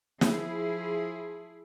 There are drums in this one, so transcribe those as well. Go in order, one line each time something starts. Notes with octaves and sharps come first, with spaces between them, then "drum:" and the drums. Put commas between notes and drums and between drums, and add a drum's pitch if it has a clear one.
F3 E4 G#4, drum: snare